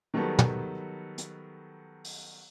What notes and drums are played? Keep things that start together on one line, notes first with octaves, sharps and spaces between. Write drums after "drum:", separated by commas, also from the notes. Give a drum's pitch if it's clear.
D#3 F#3 G3 B3 A4
drum: tom
drum: hi-hat
drum: open hi-hat